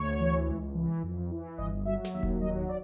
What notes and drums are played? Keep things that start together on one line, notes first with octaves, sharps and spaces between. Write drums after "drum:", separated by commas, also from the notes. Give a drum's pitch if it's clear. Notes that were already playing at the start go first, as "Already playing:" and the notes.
Already playing: D2 C#5
E3
C#2
E3
F2
E3
G1 D#5
F#3 E5
drum: snare
D#2 E5
drum: kick E1
F#3 D#5
D5